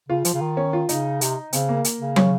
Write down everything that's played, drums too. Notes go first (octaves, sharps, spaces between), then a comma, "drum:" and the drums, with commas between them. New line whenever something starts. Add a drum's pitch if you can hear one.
C#3 F4
F3, drum: hi-hat
C#3
D#3
C#4
F4
C#3 D#4, drum: hi-hat
C3, drum: hi-hat
C#3 C4, drum: hi-hat
A#3
drum: hi-hat
C#3
C#4, drum: tom